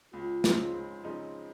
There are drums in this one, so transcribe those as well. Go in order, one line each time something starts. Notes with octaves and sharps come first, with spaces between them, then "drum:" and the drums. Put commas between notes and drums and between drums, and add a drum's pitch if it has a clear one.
C#2 F4
C#3 F3 C4 D#4, drum: snare
C#2
C#3 F3 C4 D#4